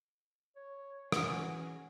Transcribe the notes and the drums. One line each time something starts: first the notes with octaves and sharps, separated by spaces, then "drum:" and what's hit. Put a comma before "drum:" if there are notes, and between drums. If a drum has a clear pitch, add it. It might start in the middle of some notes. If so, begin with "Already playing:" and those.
C#5
E3 C#4 F#4 G#4, drum: rim click